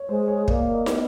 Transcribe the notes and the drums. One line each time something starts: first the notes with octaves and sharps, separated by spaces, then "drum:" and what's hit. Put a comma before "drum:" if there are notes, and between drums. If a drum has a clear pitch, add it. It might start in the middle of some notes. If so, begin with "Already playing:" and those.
Already playing: C#5
G#3 C5
C#5
A#3 D5, drum: kick
D#5
B3, drum: snare